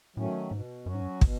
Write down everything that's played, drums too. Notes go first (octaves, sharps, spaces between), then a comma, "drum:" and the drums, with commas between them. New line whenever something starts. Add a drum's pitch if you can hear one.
A2 D#3 F#3 A3 C#4
G#2 B2
F#2 F#3 C#4 F#4
G#2
F#2
B2, drum: kick